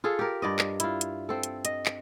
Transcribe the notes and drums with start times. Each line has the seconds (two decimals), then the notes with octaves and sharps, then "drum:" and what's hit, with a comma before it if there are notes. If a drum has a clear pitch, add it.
0.04 F4 G#4 A4
0.19 G4 A#4
0.42 G2 D5 D#5
0.59 drum: clap
0.80 E4 F4, drum: hi-hat
1.01 drum: hi-hat
1.29 C4 A4
1.43 drum: hi-hat
1.65 D#5, drum: hi-hat
1.86 drum: clap